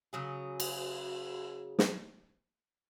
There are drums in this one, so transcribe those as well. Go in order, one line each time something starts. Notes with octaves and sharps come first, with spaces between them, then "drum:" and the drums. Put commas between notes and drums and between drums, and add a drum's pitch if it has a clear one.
C#3 F#3 G#4
drum: cymbal
drum: snare